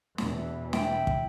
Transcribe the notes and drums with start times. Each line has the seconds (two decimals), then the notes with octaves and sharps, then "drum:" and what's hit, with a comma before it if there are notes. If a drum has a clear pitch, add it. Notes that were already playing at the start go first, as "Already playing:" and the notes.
0.18 E2 B2 E3, drum: snare
0.73 E4 G5, drum: snare
1.07 drum: kick